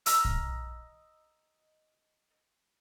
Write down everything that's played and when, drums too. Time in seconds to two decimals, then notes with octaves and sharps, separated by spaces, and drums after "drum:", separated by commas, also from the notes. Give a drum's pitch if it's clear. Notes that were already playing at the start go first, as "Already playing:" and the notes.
0.06 D#5 A#5 E6 F6, drum: hi-hat
0.25 drum: kick